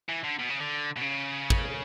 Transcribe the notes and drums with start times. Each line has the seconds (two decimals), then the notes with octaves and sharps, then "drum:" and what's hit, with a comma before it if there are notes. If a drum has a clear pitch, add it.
0.09 E3
0.24 D3
0.39 B2
0.50 C#3
0.60 D3
0.96 B2
1.01 C#3
1.50 drum: kick